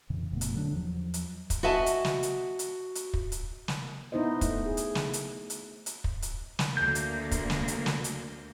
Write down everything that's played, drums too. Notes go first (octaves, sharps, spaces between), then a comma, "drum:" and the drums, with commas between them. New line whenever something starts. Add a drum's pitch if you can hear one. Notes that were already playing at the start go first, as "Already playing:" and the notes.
F2 A#2 C#3 E3
F1 A#2 A3 B3
drum: hi-hat
D3 F#3 A3 D4
E2 F3 F#3
drum: hi-hat
drum: kick, hi-hat
F#4 D#5 E5 G#5 A5
drum: hi-hat
drum: snare
drum: hi-hat
drum: hi-hat
drum: hi-hat
drum: kick
drum: hi-hat
drum: snare
B3 D#4 E4 C5 D#5
A3, drum: kick, hi-hat
G#4
drum: hi-hat
drum: snare
drum: hi-hat
drum: hi-hat
drum: hi-hat
drum: kick
drum: hi-hat
drum: snare
D2 A#3 G6
drum: hi-hat
drum: kick, hi-hat
drum: snare
drum: hi-hat
drum: snare
drum: hi-hat